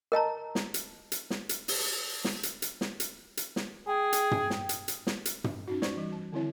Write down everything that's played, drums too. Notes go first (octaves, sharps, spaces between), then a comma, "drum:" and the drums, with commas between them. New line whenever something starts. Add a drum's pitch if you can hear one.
A#4 D#5 A5 A#5
drum: snare
drum: hi-hat
drum: hi-hat
drum: snare
drum: hi-hat
drum: open hi-hat
drum: snare
drum: hi-hat
drum: hi-hat
drum: snare
drum: hi-hat
drum: hi-hat
drum: snare
G#4 G5
drum: hi-hat
drum: tom
drum: snare
drum: hi-hat
drum: hi-hat
drum: snare
drum: hi-hat
drum: tom
C#4 D#4 F#4
C5 D5 C#6, drum: snare
E3 G3
A5
D3 D#3 C4 E4 C#5 E5